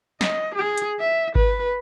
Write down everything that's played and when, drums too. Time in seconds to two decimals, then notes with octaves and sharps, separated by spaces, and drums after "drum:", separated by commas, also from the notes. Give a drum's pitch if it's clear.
0.21 D#5, drum: snare
0.55 G#4
0.78 drum: hi-hat
1.00 E5
1.35 B4, drum: kick G#1